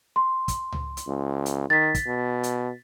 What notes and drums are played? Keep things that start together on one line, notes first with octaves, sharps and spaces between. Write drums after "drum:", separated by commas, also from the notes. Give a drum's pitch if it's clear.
C6
drum: kick, hi-hat
drum: tom C#2
drum: hi-hat
C#2
drum: hi-hat
D#3 A6 B6
drum: kick, hi-hat
B2
drum: hi-hat